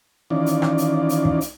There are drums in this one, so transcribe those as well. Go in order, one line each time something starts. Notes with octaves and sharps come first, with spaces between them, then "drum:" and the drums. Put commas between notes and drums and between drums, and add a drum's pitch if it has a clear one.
D#3 E3 C#4 D#4 F4 D5
drum: hi-hat
drum: rim click
drum: hi-hat
drum: hi-hat
drum: kick
drum: hi-hat